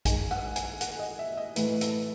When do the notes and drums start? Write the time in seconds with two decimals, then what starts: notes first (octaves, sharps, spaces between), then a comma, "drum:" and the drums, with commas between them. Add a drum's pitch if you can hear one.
0.05 D#3 G#3 G#5, drum: kick A#1, hi-hat
0.31 F#5, drum: rim click
0.56 G#5, drum: hi-hat
0.81 F#5, drum: hi-hat
0.99 D#5
1.19 E5
1.37 D#5
1.56 A2 E3 A3 B4, drum: hi-hat
1.81 A4, drum: hi-hat